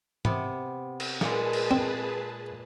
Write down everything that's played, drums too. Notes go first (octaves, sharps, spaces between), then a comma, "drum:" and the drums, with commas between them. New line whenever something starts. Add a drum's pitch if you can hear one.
C3 B3, drum: tom G#2
drum: cymbal
A#2 G#3 G#4 B4 A5, drum: snare
drum: cymbal
C4